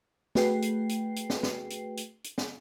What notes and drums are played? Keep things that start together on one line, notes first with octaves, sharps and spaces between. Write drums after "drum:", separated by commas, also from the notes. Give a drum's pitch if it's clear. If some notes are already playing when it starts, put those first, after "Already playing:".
A3 F#4 G#4 B4 G5 C7, drum: snare
drum: hi-hat
drum: hi-hat
drum: hi-hat
drum: snare
drum: snare
drum: hi-hat
drum: hi-hat
drum: hi-hat
drum: snare